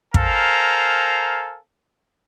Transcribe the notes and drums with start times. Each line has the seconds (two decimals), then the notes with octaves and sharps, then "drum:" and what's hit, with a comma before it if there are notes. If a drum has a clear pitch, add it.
0.14 A4 A#4 C5 F5 G#5 A#5, drum: kick